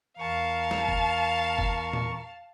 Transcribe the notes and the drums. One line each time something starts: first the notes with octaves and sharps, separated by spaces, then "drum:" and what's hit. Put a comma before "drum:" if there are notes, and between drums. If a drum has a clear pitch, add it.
E2 A#4 F5 A5 C#6
drum: snare
drum: kick F#1
drum: kick F#1
drum: tom A#2